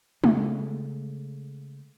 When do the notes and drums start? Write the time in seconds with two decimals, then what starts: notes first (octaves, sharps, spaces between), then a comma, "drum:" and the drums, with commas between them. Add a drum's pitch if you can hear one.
0.24 C#3 G#3 A3, drum: tom